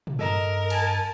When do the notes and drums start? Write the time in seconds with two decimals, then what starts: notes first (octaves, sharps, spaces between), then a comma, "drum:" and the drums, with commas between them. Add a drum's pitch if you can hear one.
0.07 drum: tom
0.19 G2 A4 A#4 D#5 A#5
0.70 G#5 A5, drum: cymbal